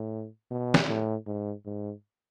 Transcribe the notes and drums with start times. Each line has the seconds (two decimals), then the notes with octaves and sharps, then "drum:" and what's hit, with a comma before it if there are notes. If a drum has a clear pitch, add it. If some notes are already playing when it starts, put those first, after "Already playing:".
Already playing: A2
0.50 B2
0.74 drum: snare
0.89 A2
1.26 G#2
1.65 G#2